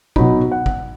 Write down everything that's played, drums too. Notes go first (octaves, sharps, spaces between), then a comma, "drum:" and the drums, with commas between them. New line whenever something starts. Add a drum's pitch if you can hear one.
B2 F#3 D#4 B5, drum: kick
F#5
drum: kick